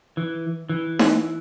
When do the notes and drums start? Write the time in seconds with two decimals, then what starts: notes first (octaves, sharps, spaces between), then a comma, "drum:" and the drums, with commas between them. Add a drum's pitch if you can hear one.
0.17 E3
0.69 E3
0.99 drum: snare D#4